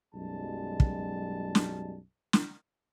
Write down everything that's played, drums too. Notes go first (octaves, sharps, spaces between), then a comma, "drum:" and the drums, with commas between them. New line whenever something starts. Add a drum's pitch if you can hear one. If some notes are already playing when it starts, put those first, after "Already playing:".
B1 F#2 G3 G#3 A5
drum: kick
drum: snare
drum: snare